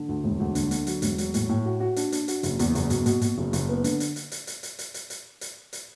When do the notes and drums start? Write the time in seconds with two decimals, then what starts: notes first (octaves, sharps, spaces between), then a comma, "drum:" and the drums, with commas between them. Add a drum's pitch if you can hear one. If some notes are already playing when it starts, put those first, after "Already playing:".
Already playing: D3
0.09 D2
0.24 E1
0.40 D2
0.55 D3, drum: hi-hat
0.71 D3, drum: hi-hat
0.87 F#3, drum: hi-hat
1.02 E1, drum: hi-hat
1.18 F#3, drum: hi-hat
1.34 A2, drum: hi-hat
1.49 A2
1.65 F#4
1.80 F#4
1.96 D4, drum: hi-hat
2.12 D4, drum: hi-hat
2.28 F#4, drum: hi-hat
2.43 F#1, drum: hi-hat
2.59 E2, drum: hi-hat
2.75 F#1, drum: hi-hat
2.90 B2, drum: hi-hat
3.06 B2, drum: hi-hat
3.22 B2, drum: hi-hat
3.38 F#1
3.53 F#1, drum: hi-hat
3.69 B3
3.84 D3, drum: hi-hat
4.00 drum: hi-hat
4.16 drum: hi-hat
4.32 drum: hi-hat
4.47 drum: hi-hat
4.63 drum: hi-hat
4.79 drum: hi-hat
4.94 drum: hi-hat
5.10 drum: hi-hat
5.41 drum: hi-hat
5.73 drum: hi-hat